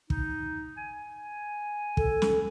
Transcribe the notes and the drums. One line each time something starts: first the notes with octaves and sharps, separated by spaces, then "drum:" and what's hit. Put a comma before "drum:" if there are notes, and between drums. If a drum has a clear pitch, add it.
D#4, drum: kick
G#5
A4, drum: kick
drum: snare